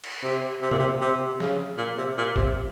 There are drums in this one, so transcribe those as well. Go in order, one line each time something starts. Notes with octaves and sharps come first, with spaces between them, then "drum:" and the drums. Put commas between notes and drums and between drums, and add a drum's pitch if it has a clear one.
drum: cymbal
C3
C3
A#2, drum: tom C3
C3
C3
C#3, drum: snare
A#2
C3
A#2
C3, drum: kick